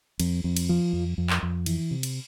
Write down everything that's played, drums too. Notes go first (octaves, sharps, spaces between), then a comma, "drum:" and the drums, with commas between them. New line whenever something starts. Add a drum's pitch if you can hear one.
F2, drum: cymbal
F2
drum: cymbal
F3
F2
F2
drum: clap
F2
E3, drum: cymbal
C3
drum: cymbal